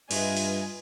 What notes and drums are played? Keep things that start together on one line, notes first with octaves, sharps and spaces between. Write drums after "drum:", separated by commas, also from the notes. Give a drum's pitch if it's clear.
G2 F4 B4 D#5 E5 G#5, drum: cymbal
drum: open hi-hat